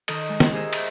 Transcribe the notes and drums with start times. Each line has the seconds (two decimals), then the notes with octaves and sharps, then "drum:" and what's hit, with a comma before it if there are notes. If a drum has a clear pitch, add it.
0.08 D#3 A4 D#5, drum: cymbal
0.29 G#3
0.40 drum: snare
0.53 G4 G#4 A#4 C5 D#5 E5
0.73 drum: cymbal